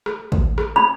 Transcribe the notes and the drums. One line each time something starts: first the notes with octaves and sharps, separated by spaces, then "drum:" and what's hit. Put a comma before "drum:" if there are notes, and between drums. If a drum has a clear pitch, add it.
drum: rim click
drum: kick
drum: rim click
B5